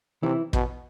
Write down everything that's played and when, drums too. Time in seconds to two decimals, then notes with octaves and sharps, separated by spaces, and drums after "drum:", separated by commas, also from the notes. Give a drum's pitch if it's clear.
0.23 C3 E3 E4
0.53 B2, drum: kick